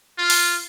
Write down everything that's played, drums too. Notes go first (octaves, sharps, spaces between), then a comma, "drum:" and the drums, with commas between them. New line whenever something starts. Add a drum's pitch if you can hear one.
F4
drum: open hi-hat